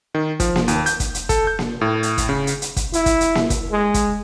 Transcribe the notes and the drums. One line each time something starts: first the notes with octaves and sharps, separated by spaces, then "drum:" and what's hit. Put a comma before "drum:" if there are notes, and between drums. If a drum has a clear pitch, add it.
D#3
F3, drum: kick, hi-hat
drum: snare A#3
D#2, drum: hi-hat
G6, drum: hi-hat
drum: kick, hi-hat
drum: hi-hat
A4, drum: kick, hi-hat
G6
drum: snare A#3
A2
drum: hi-hat
drum: kick, hi-hat
C#3
drum: hi-hat
drum: hi-hat
drum: kick, hi-hat
E4, drum: hi-hat
drum: kick, hi-hat
drum: hi-hat
drum: snare A#3
drum: kick, hi-hat
G#3
drum: kick, hi-hat